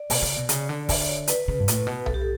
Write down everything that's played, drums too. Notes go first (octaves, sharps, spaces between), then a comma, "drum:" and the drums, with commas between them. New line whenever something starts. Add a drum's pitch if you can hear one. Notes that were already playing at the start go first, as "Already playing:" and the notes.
Already playing: D5
B2, drum: open hi-hat
C#3
B2
C#3, drum: hi-hat
D3
E5, drum: kick, open hi-hat
D5
C#5
D5
B4, drum: hi-hat
C#3
G2
A2, drum: hi-hat
B2
A4, drum: tom B1
G4
A4